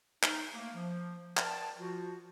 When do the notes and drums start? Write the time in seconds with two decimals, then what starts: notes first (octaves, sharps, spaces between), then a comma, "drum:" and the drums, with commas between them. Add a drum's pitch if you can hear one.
0.23 D#4, drum: clap
0.53 A3 A#3
0.75 F3
1.37 A#4 D5 F#5 G5 A5, drum: clap
1.78 F3 F4 F#4